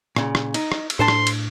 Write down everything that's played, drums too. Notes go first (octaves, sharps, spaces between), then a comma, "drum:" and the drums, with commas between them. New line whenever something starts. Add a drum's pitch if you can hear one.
A#2 C#3, drum: rim click
drum: rim click
D#4, drum: cymbal
drum: rim click
drum: cymbal
A2 D4 A4 C5 A5 C6
drum: rim click
drum: cymbal